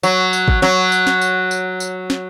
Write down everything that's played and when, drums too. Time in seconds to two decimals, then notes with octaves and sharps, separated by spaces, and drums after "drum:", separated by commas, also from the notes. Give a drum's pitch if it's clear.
0.03 F#3, drum: tambourine
0.33 drum: tambourine
0.48 drum: kick G#1
0.62 F#3, drum: snare
0.92 drum: tambourine
1.07 drum: snare
1.21 drum: tambourine
1.51 drum: tambourine
1.80 drum: tambourine
2.10 drum: snare